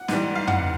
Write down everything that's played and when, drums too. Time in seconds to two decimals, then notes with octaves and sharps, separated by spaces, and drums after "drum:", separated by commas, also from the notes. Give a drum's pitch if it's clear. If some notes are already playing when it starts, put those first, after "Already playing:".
Already playing: F#5
0.08 G#2 E3 G3, drum: snare
0.35 F5
0.47 F#5, drum: tom